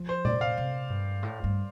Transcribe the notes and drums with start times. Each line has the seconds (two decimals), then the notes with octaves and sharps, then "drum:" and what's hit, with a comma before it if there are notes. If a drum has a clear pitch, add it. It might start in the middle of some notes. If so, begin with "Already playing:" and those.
Already playing: F3
0.09 C5
0.25 C3 D5, drum: tom A#2
0.41 F5
0.57 C3
0.89 G2
1.23 A2
1.44 G2